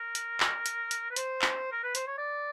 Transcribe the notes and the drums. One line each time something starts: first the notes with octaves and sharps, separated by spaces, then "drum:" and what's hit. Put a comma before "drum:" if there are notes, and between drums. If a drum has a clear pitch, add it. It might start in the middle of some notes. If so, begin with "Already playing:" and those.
Already playing: A#4
drum: hi-hat
drum: clap
drum: hi-hat
drum: hi-hat
B4
C5, drum: hi-hat
drum: clap
A#4
B4
C5, drum: hi-hat
C#5
D5